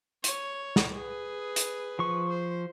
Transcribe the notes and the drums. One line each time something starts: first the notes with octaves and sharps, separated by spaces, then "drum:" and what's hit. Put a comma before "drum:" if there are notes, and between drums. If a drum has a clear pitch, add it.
C#5, drum: hi-hat
drum: snare
G#4 B4
drum: hi-hat
F3 C#6
C5